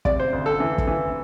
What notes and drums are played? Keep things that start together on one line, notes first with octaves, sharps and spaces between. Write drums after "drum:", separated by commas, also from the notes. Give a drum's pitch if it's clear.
C3 D5, drum: kick
C5
D2
A4
E3
drum: kick
E3